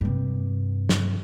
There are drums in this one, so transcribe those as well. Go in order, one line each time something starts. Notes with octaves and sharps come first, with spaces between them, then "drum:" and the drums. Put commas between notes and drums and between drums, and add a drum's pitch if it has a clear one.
G2 C3
drum: snare